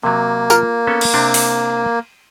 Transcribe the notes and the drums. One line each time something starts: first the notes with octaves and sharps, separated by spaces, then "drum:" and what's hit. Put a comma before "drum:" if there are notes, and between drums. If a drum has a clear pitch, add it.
C3 F#3 A#3
F4 A#4, drum: tambourine
B3 C#4 A4
drum: cymbal
C3 C4 D4
drum: open hi-hat